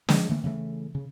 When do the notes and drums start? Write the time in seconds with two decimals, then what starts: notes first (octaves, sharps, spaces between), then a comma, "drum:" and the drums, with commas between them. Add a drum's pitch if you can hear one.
0.09 F3 G#3, drum: snare
0.29 D3 E3 A3 A#3
0.44 C#3 E3 F#3 A3
0.95 C#3